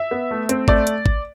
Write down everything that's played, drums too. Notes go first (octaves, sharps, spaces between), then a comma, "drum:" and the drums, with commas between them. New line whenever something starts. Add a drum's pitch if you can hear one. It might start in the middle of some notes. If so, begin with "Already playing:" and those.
Already playing: E5
B3
A3
C4, drum: hi-hat
A3 D5, drum: kick
drum: hi-hat
drum: kick